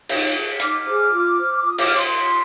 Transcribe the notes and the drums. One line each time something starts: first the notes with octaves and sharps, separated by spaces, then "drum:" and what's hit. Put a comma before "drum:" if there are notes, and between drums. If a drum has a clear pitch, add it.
D#4, drum: cymbal
G#4 C5
D#4 D6 F6, drum: hi-hat
G#4 C5
F4
C5
D6
F4 D#6
D6 F6, drum: cymbal
C5
C6 D#6
F4